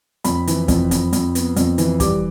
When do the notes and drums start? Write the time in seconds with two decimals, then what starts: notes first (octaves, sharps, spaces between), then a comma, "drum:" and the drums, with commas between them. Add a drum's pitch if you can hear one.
0.24 F2 B5, drum: hi-hat
0.47 E3, drum: hi-hat
0.68 F2, drum: kick, hi-hat
0.91 F2, drum: hi-hat
1.13 F2, drum: hi-hat
1.35 B3, drum: hi-hat
1.56 F2, drum: hi-hat
1.78 E3, drum: hi-hat
2.00 G3 D6, drum: kick, hi-hat